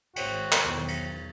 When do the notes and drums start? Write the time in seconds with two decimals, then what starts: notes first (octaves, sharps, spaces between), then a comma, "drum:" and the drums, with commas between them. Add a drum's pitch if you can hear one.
0.16 G#1 F#4 C5 C#5 G5, drum: cymbal
0.52 drum: clap
0.61 B1 E2 D#3
0.88 drum: cymbal